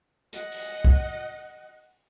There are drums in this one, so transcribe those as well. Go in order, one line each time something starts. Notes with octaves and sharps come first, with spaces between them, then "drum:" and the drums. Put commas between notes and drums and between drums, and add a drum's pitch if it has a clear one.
D#5 F#5, drum: hi-hat
drum: open hi-hat
drum: kick